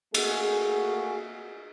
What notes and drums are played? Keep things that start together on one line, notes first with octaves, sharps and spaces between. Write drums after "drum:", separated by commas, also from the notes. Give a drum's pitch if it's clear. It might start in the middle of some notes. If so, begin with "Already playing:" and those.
A3 A#3 F#4 G#4, drum: cymbal